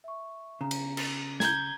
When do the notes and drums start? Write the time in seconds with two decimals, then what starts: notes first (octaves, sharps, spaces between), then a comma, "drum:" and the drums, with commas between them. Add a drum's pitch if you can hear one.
0.04 E5 C#6
0.61 C#3 A#5
0.71 drum: cymbal
0.97 drum: cymbal
1.40 A#5 G6 G#6, drum: snare